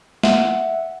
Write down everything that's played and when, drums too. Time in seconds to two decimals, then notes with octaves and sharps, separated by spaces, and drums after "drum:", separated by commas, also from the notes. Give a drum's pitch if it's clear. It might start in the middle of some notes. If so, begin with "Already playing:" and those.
0.23 E5 F#5, drum: snare